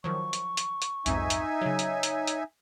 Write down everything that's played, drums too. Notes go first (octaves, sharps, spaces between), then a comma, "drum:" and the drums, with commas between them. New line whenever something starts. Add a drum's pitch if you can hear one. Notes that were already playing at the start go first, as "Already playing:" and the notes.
D#3 F3 F#3 C#6
drum: hi-hat
drum: hi-hat
drum: hi-hat
B1 F2 G#2 D#4 E5 G#5, drum: hi-hat
drum: hi-hat
C#3 F#3 C#5
drum: hi-hat
drum: hi-hat
drum: hi-hat